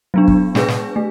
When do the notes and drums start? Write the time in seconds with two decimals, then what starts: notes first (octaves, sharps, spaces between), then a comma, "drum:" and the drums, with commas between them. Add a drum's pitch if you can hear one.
0.14 F#3 B3 D4
0.28 drum: kick
0.55 G#3 D4 G#4 B4, drum: snare
0.68 drum: snare
0.96 A3